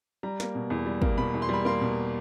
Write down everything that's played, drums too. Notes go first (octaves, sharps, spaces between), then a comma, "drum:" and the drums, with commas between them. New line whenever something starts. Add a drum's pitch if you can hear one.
G3 A#5
A#3, drum: snare
B2
E2
G3
A#3, drum: kick
B2 B5
E2
C6
G3 B5
A#3 C6
B2